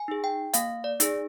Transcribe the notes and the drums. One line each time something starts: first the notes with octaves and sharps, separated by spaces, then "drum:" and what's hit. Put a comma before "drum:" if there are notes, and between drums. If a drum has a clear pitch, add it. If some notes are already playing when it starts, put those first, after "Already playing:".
Already playing: G#5
D#4 G#4
G5
A#3 F5, drum: hi-hat
D5
D#4 G#4, drum: hi-hat